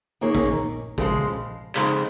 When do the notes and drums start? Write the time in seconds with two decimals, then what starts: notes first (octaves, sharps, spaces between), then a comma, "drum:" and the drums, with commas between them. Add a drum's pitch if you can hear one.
0.21 D#3 A#3 D#4 G#4 C#5
0.35 drum: kick
0.98 C#3 F3 G#3, drum: kick
1.75 F2 C#3 G#3 D#4, drum: clap